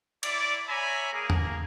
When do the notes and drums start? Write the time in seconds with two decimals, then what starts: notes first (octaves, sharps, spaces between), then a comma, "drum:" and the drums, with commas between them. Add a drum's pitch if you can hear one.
0.23 E4 C#5 D5, drum: cymbal
0.69 C#5 E5 G#5 A#5 B5
1.12 A#3 G#4
1.30 drum: tom E2